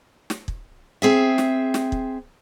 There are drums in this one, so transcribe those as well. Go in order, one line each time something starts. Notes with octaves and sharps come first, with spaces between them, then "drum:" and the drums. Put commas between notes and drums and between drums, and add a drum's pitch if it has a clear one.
drum: snare
drum: kick
C4 G#4 E5
drum: snare
drum: snare
drum: kick